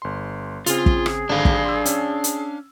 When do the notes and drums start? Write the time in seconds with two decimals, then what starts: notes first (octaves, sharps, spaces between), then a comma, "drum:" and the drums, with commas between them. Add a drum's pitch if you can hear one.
0.02 G1 C6
0.66 C#3 C4 F4 G#4, drum: hi-hat
0.86 drum: kick
1.06 drum: rim click
1.29 G#1 D3 D4 F5
1.45 drum: kick
1.65 C6 E6
1.85 C#4, drum: hi-hat
2.24 drum: hi-hat